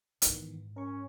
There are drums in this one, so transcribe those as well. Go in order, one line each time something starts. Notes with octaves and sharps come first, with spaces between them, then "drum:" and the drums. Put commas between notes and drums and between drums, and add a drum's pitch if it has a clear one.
A#1 G#2 D#3 E3 B3, drum: hi-hat
C#4 A#4 C#6